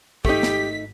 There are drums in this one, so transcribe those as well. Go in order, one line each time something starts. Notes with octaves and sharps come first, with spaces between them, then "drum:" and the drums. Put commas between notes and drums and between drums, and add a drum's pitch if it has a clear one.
G#1 A3 D#4 G4 B6, drum: kick
drum: snare